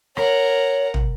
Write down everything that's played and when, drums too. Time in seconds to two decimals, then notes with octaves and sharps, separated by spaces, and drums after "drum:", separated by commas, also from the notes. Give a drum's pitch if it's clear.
0.17 A#4 C#5 F#5, drum: rim click
0.94 drum: tom